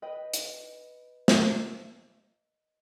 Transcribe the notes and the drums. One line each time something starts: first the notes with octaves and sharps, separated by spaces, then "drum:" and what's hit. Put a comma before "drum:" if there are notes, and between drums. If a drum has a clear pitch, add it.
B4 D#5 G5
drum: hi-hat
drum: snare